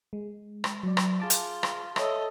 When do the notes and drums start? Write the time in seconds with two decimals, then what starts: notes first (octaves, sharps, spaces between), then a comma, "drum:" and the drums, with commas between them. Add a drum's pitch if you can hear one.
0.13 G#3
0.64 drum: rim click
0.83 F#3 D5
0.97 drum: rim click
1.20 F4 G#4 A5 D6
1.30 drum: hi-hat
1.63 drum: rim click
1.96 A4 C#5 D#5 E5, drum: rim click